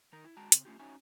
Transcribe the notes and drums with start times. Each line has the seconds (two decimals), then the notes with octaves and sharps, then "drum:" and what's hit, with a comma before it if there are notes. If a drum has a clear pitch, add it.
0.13 D#3 D#4 A#4
0.24 E4
0.37 G#3 F#4 G5 A5 A#5
0.52 C#3 C4, drum: hi-hat
0.65 A3 C#4 F4 G4
0.79 C#4 D#4 F#4 C#5 E5 G#5